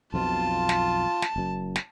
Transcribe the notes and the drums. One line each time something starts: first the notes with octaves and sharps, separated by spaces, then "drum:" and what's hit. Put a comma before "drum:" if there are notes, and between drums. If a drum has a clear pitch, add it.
B1 F2 B2 F4 A5
drum: snare
drum: snare
F#1 F#2
drum: snare